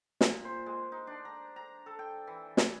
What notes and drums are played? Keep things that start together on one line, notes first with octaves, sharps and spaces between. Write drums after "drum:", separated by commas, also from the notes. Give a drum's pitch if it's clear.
A#2, drum: snare
C5
G#3
D#4
D4
A#5
A#5
A4
G5
E3
G#5, drum: snare